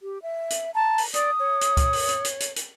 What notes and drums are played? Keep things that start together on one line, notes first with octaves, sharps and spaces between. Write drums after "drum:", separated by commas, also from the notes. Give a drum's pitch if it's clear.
G4
E5
drum: hi-hat
A5 A#5
drum: open hi-hat
D5 D#6, drum: hi-hat
C#5
drum: hi-hat
drum: kick, hi-hat
drum: open hi-hat
drum: hi-hat
drum: hi-hat
drum: hi-hat
drum: hi-hat